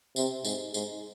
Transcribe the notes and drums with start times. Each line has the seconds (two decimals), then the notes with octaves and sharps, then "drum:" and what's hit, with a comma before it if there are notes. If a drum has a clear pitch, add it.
0.16 C3, drum: tambourine
0.44 G#2, drum: tambourine
0.74 G#2, drum: tambourine